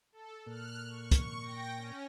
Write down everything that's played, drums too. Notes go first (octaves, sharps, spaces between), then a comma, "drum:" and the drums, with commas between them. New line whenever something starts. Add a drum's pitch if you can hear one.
A4
A#2 F6 F#6
C#6
drum: kick, hi-hat
G5 A#6
C#4